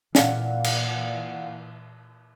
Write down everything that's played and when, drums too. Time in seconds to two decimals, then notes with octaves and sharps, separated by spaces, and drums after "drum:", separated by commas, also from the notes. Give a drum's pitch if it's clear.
0.15 A#2 E3 D5 F5 F#5, drum: snare
0.64 drum: cymbal